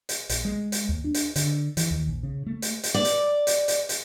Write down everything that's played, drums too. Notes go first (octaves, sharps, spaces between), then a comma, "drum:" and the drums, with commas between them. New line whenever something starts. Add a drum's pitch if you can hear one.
drum: hi-hat
A#1, drum: hi-hat
G#3
drum: hi-hat
D#2
D4
drum: hi-hat
D3, drum: hi-hat
E3, drum: hi-hat
D#2
A#1
C#3
A3
drum: hi-hat
drum: hi-hat
D5
drum: hi-hat
drum: hi-hat
drum: hi-hat
drum: hi-hat